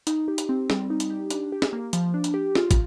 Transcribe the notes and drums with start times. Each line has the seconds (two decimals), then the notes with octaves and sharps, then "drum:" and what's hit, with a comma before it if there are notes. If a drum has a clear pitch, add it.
0.07 D#4, drum: hi-hat
0.28 G4
0.38 drum: hi-hat
0.49 C4
0.70 G3, drum: snare
0.90 D#4
1.00 drum: hi-hat
1.10 G4
1.30 D4, drum: hi-hat
1.52 G4
1.62 drum: snare
1.73 A#3
1.93 F3, drum: hi-hat
2.14 D4
2.24 drum: hi-hat
2.34 G4
2.55 F4, drum: snare
2.71 drum: kick, hi-hat